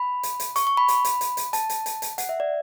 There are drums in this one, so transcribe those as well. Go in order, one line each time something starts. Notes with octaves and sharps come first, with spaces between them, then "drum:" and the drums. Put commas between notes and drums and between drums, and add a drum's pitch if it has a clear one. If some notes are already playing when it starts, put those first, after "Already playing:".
Already playing: B5
drum: hi-hat
drum: hi-hat
C#6, drum: hi-hat
C#6
B5
drum: hi-hat
drum: hi-hat
drum: hi-hat
drum: hi-hat
A5, drum: hi-hat
drum: hi-hat
drum: hi-hat
drum: hi-hat
F#5, drum: hi-hat
E5
D5